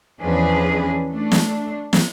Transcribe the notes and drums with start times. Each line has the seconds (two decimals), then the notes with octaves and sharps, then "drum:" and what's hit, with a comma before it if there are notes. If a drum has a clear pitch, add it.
0.21 E2 F3 C#4 D4 G#4 B4
1.11 A3 D4
1.32 drum: snare
1.93 drum: snare